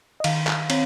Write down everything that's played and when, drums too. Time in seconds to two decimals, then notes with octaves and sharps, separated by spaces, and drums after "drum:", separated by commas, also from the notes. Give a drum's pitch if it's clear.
0.20 D#5
0.24 D#3 F5, drum: cymbal
0.47 drum: clap
0.70 C4 C#5, drum: cymbal